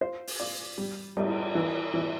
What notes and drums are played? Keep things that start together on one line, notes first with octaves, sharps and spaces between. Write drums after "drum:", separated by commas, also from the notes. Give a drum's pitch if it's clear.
F4 C5
drum: open hi-hat
F4 D5
G3
G3, drum: cymbal
E3
E3